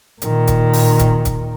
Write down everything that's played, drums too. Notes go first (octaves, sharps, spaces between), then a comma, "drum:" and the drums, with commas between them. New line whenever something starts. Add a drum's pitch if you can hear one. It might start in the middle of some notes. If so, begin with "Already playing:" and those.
A#2 D#3, drum: hi-hat
drum: kick, hi-hat
drum: open hi-hat
drum: kick, hi-hat
drum: kick, hi-hat